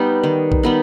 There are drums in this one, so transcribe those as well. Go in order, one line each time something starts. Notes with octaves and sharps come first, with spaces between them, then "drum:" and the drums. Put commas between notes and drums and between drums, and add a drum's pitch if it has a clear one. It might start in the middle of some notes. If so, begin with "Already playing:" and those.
Already playing: G3 B3 D#4
D#3
drum: kick
G3 B3 D#4